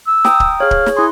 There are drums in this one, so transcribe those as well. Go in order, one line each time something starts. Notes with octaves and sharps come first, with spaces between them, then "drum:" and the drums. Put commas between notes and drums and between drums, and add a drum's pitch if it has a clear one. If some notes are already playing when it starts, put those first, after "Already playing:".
E6
G5 A#5 D#6, drum: snare
drum: kick D1
G#4 C#5 F5
drum: kick D1
drum: snare
E4 G#4 C6